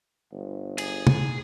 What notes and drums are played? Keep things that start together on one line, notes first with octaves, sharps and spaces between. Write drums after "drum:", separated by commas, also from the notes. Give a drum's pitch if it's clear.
G1
G#4, drum: cymbal
drum: tom